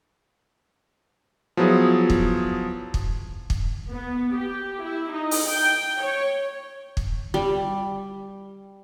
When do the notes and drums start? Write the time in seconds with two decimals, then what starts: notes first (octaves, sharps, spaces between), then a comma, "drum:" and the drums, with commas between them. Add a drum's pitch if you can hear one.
1.57 F3 F#3 B3 E4 G#4
2.10 drum: kick
2.94 drum: kick
3.50 drum: kick
3.91 B3
4.35 G4
4.83 E4
5.12 D#4
5.31 drum: open hi-hat
5.48 G5
6.02 C#5
6.97 drum: kick
7.34 G3